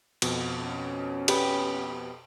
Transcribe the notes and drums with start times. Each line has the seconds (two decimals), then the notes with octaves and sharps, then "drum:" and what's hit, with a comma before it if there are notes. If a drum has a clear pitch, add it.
0.22 F2 B2, drum: cymbal
0.59 C#4
1.28 B3 G4 B4, drum: cymbal